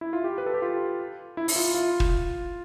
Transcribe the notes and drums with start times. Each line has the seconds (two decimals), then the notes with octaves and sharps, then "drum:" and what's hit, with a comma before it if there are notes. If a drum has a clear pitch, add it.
0.01 E4
0.13 F4
0.24 G4
0.38 B4
0.46 A4
0.54 G4
0.62 F4
1.37 E4
1.48 E4, drum: open hi-hat
1.56 F4
1.74 F4
2.00 drum: kick